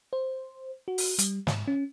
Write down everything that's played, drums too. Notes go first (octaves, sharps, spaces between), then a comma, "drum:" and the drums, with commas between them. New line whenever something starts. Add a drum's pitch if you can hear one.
C5
F#4
drum: open hi-hat
G3, drum: hi-hat
G#2, drum: snare
C#4